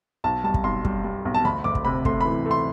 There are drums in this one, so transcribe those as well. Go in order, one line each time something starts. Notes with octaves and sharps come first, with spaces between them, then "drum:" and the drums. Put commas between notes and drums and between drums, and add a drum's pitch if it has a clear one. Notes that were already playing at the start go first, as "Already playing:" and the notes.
B1 A5
G3 A5
drum: kick
B1 C6
G3, drum: kick
G3
B1
A5
D2 B5
D2 D6
drum: kick
C3 B5
A3 C6, drum: kick
E3 B5
A3
C6